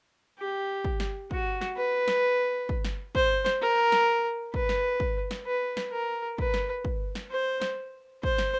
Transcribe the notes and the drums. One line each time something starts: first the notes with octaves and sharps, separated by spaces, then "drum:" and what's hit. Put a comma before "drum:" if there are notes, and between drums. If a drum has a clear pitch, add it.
G4
drum: kick
drum: snare
F#4, drum: kick
drum: snare
B4
drum: snare
drum: kick
drum: snare
C5, drum: kick
drum: snare
A#4
drum: snare
B4, drum: kick
drum: snare
drum: kick
drum: snare
B4
drum: snare
A#4
B4, drum: kick
drum: snare
drum: kick
drum: snare
C5
drum: snare
C5, drum: kick
drum: snare